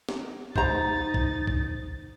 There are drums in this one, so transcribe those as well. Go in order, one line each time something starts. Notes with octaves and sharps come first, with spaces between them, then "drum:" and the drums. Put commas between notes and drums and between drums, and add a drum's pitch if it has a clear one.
drum: snare
D#4 C5 A#5 A6, drum: kick
drum: kick
drum: kick